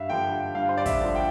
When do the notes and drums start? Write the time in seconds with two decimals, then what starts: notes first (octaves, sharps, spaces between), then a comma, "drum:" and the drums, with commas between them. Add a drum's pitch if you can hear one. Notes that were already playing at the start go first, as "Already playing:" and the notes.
Already playing: G2 E5 F5
0.09 D3 F3 G5
0.55 G2 F5
0.69 C5
0.77 D5
0.86 E5, drum: kick, hi-hat
1.01 D3 F3
1.15 G5